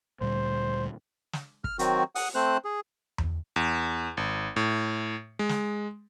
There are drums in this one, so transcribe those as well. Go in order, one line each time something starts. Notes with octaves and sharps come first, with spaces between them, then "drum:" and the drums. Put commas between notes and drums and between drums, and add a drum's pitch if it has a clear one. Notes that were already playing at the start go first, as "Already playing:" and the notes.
D2 A#2 G3 C5
drum: snare
F6, drum: kick
D#3 F#3 C4 F#4, drum: hi-hat
F#5 D#6, drum: open hi-hat
A3 C4 C5 F#6
G#4
drum: tom E2
E2
G#1
A2
G#3
drum: snare